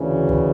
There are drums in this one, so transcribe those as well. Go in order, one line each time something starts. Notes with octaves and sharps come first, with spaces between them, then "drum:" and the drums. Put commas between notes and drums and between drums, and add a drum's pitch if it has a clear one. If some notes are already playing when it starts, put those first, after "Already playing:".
Already playing: D2 C#3 E3
drum: kick